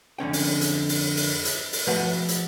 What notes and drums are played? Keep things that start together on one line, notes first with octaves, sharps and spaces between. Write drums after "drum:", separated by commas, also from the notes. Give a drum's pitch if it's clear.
F2 D3 C#4 G5
drum: open hi-hat
drum: hi-hat
drum: open hi-hat
drum: open hi-hat
drum: hi-hat
drum: open hi-hat
B2 F3 A3 F#4 B4 F#5
drum: hi-hat